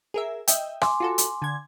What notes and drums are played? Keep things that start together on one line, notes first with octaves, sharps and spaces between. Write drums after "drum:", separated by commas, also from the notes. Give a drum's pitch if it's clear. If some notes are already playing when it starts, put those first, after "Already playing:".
G#4 A#4 E5
D#5 E5 G5, drum: hi-hat
G#5 C6 D6, drum: rim click
F4 F#4 A4
drum: hi-hat
D3 G#6